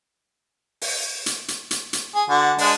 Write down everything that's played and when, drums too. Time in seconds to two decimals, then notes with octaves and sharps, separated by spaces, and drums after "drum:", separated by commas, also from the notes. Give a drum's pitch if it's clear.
0.82 drum: open hi-hat
1.26 drum: hi-hat
1.48 drum: hi-hat
1.71 drum: hi-hat
1.93 drum: hi-hat
2.15 G#4
2.29 D3 F#4
2.58 G#3 D4, drum: open hi-hat